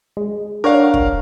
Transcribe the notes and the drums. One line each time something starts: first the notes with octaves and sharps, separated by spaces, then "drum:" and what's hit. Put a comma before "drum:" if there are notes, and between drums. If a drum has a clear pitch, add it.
G#3
D4 A#4 C#5 F5 F#5
drum: kick